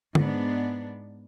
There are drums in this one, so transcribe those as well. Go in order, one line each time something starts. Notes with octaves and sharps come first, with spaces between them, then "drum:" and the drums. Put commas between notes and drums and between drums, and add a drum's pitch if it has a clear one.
G#2 B3 D4, drum: tom D3